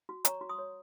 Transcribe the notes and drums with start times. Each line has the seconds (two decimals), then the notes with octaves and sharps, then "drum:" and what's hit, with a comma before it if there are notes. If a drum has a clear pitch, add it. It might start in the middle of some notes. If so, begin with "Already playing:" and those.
0.09 F#4
0.25 C#5 A#5 C#6, drum: hi-hat
0.41 F#4
0.49 C6 D#6
0.58 C#5